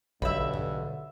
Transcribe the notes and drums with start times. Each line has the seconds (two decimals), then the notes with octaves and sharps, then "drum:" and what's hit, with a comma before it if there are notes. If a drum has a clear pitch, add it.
0.22 B1 G2 D3 E5 B5, drum: kick A1
0.54 drum: tom G#2